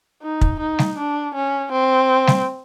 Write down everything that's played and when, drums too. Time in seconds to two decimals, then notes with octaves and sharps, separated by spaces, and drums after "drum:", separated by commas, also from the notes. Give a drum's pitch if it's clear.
0.22 D#4
0.41 drum: kick
0.60 D#4
0.79 drum: snare
0.98 D4
1.34 C#4
1.72 C4
2.27 drum: snare